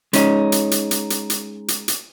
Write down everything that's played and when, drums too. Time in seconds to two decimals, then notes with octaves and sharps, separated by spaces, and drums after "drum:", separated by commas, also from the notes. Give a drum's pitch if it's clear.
0.13 G#3 C#4 D#4, drum: hi-hat
0.52 drum: hi-hat
0.71 drum: hi-hat
0.91 drum: hi-hat
1.10 drum: hi-hat
1.30 drum: hi-hat
1.68 drum: hi-hat
1.88 drum: hi-hat